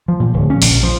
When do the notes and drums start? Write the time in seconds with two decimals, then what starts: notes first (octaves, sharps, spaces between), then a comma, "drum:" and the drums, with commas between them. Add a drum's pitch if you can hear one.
0.08 F3
0.20 A#2
0.34 D1
0.50 C#4
0.62 A#1, drum: open hi-hat
0.83 F3